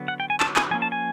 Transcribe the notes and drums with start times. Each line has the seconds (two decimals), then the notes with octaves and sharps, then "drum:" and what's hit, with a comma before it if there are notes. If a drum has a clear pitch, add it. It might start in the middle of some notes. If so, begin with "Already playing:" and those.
Already playing: D3 F#3 B3
0.08 F#5
0.20 G5
0.30 G#5
0.40 A5, drum: clap
0.56 G#5, drum: clap
0.71 F3 A#3 C#4 G#5
0.82 A5
0.92 G#5